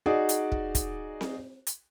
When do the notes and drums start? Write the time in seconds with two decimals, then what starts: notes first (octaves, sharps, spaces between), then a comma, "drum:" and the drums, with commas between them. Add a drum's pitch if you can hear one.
0.06 D#4 F#4 G#4 D5
0.29 drum: hi-hat
0.52 drum: kick
0.75 drum: kick, hi-hat
1.21 drum: snare C4
1.67 drum: hi-hat